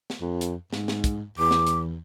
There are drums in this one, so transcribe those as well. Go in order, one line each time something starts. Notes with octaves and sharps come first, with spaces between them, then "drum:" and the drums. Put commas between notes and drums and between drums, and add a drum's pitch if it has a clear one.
drum: snare
F2
drum: hi-hat
G#2, drum: snare
drum: snare
drum: kick, hi-hat
E2 D6
drum: snare
drum: hi-hat